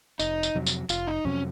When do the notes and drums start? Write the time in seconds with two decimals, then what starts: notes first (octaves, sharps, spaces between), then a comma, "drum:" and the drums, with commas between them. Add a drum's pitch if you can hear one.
0.19 F1 D#4, drum: tambourine
0.43 drum: tambourine
0.55 F2 C3 F#3
0.67 drum: tambourine
0.89 F1 F4, drum: tambourine
1.07 D#4
1.25 F2 C3 F#3 C#4